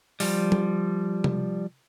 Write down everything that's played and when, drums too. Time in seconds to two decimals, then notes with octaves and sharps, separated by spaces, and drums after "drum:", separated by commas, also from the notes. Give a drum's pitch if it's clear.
0.20 F3 G3, drum: open hi-hat
0.52 drum: tom F3
1.24 drum: tom C3